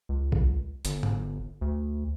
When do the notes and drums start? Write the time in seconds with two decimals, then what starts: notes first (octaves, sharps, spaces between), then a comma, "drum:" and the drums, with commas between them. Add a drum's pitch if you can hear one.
0.09 C#2
0.32 drum: kick A#1
0.85 G1, drum: hi-hat
1.03 drum: tom G#2
1.61 D2